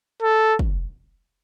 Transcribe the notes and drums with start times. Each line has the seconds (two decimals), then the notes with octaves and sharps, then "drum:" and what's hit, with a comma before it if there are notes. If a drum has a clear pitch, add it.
0.22 A4
0.59 drum: kick